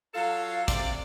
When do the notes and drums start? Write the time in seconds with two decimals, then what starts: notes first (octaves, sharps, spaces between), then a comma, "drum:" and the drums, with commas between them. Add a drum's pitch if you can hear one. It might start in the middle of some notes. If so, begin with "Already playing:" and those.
0.15 F#3 F4 A4 F5
0.68 C3 C5 D5, drum: kick, hi-hat